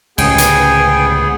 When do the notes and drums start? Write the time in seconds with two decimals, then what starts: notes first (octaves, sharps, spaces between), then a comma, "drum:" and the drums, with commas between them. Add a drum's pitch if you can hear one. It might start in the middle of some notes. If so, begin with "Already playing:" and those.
0.18 C#2 A2 D3 B3 G#4 G5 G#5, drum: cymbal
0.38 drum: hi-hat